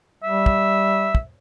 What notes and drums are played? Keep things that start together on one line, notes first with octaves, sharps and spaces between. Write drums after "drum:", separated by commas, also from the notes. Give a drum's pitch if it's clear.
G3 E5
drum: kick
drum: kick